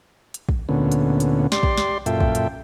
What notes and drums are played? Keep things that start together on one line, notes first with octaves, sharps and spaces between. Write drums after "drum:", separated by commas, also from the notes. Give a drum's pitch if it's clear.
drum: hi-hat
drum: kick
D2 A#2 D3 B3 C#4
drum: hi-hat
drum: hi-hat
G4 D5 C6, drum: snare
drum: kick
drum: snare
F#2 A#2 F4 A4 E5 G5, drum: hi-hat
drum: kick
drum: hi-hat